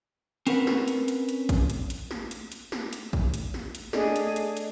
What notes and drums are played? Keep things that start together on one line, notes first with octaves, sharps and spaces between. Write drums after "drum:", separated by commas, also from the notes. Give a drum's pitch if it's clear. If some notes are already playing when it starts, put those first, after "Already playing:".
C4 C#4 A#4 B4 F#5, drum: hi-hat
drum: snare
drum: hi-hat
drum: hi-hat
drum: hi-hat
drum: kick A1, hi-hat
drum: hi-hat
drum: hi-hat
drum: snare
drum: hi-hat
drum: hi-hat
drum: snare
drum: hi-hat
drum: kick A1
drum: hi-hat
drum: snare
drum: hi-hat
A3 D4 G#4 D5 D#5, drum: snare
drum: hi-hat
drum: hi-hat
drum: hi-hat